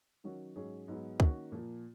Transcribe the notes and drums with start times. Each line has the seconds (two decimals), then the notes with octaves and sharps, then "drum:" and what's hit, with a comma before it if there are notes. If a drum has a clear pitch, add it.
0.24 D#3 F#3 C#4 F#4
0.56 G#2 F#3 C#4 G#4
0.88 G#2 F#3 B3 D#4 G#4
1.20 D#3 A#3 C#4 F#4, drum: kick C#2
1.52 A#2 F3 A#3